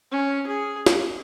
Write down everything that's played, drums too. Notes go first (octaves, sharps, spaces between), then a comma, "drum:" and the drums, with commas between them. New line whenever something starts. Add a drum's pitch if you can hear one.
C#4
G#4
drum: snare